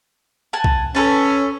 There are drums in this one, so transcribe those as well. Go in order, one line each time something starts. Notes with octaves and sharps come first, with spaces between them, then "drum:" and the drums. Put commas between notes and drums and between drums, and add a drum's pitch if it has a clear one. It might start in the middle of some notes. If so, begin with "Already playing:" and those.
F#5 G#5 A5
drum: kick
C#4 A4 B4 A5